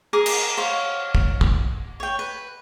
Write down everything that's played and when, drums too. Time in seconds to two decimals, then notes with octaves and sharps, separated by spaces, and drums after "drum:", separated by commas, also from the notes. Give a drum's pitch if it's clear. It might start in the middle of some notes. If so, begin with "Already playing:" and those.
0.13 G#4 A#4 D6
0.26 drum: cymbal
0.57 C5 C#5 F5
1.15 drum: kick
1.41 drum: kick
2.00 C#5 G5
2.19 B4